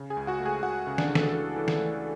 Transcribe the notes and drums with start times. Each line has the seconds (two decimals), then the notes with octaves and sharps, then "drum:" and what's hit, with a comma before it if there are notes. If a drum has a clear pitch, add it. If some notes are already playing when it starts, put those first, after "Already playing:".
Already playing: C#3
0.10 G#4 G#5
0.17 C#2
0.27 F#4 F#5
0.40 A3
0.46 G#4 G#5
0.63 C#2 F#4 F#5
0.87 C#3
0.98 D4 D5, drum: snare
1.09 C#3
1.15 A4, drum: snare
1.33 E3 A4
1.56 E3
1.68 drum: snare
1.79 A3